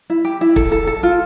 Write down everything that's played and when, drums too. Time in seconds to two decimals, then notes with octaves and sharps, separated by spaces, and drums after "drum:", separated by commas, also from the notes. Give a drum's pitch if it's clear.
0.10 E4
0.25 G4
0.41 E4
0.56 A4, drum: kick
0.72 A4
0.87 A4
1.03 F4